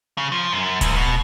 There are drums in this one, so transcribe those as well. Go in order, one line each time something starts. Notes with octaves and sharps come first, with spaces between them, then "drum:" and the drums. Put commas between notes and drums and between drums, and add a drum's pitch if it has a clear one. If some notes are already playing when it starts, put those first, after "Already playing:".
C#3
F3
F#2
C#2, drum: kick D1, hi-hat
B2